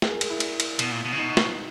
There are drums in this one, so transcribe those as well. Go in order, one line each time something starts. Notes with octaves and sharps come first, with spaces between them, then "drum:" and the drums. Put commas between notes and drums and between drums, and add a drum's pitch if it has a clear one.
G#4, drum: snare
A#4
G#4, drum: cymbal
E4
drum: cymbal
drum: cymbal
B2, drum: cymbal
A#2
B2
C#3
B2 D#4
drum: snare